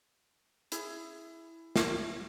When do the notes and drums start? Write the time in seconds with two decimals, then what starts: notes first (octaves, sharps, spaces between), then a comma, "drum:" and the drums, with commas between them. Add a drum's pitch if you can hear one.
0.72 E4 G#4, drum: hi-hat
1.76 drum: snare